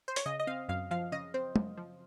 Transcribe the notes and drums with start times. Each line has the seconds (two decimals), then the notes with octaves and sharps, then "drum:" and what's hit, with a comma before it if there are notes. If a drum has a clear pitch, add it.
0.08 C5
0.16 C#5, drum: hi-hat
0.26 C#3 D#5
0.40 D#5
0.47 C4 F5
0.69 F#2 F5
0.91 F3 F5
1.12 C#3 D#5
1.34 C4 C5
1.56 F#2, drum: tom
1.77 F3